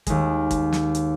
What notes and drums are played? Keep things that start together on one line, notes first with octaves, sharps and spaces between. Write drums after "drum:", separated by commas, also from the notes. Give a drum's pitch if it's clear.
D#2 G#3, drum: kick, hi-hat
drum: kick, hi-hat
drum: snare
drum: hi-hat